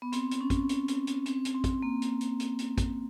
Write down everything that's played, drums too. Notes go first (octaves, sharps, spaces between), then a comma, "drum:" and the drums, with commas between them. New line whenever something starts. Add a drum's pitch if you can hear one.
B3
C4, drum: hi-hat
drum: hi-hat
C#4
drum: kick A1, hi-hat
drum: hi-hat
drum: hi-hat
drum: hi-hat
C4, drum: hi-hat
drum: hi-hat
C4
drum: kick A1, hi-hat
A#3
drum: hi-hat
drum: hi-hat
drum: hi-hat
drum: hi-hat
drum: kick A1, hi-hat